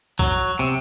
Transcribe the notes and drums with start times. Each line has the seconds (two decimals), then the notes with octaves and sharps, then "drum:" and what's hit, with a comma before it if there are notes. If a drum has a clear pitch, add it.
0.19 F#3, drum: kick
0.59 C3